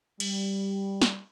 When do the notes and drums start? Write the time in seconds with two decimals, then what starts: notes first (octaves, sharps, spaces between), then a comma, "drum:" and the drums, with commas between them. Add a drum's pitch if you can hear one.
0.20 G3, drum: cymbal
1.02 drum: snare